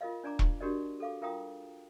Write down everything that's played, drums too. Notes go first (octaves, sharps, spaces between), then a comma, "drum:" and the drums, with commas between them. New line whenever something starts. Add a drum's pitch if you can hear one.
F4 A#4 D#5 F5
D4 D5 G#5 A#5 D6
drum: kick E1
D4 F#4 G4 A#4 D5 D#5
A4 F5 D6
F4 A#4 F5 G5 A#5 D#6